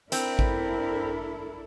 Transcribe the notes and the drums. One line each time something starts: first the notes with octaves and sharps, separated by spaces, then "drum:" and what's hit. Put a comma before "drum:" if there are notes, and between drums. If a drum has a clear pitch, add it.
C4 D4 E4 A4 A#4, drum: hi-hat
drum: kick A1